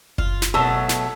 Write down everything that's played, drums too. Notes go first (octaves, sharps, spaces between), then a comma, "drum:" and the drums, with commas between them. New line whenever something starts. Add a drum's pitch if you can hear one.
F4, drum: kick F#1
drum: snare
B2 F#3 A3 A5 E6
drum: snare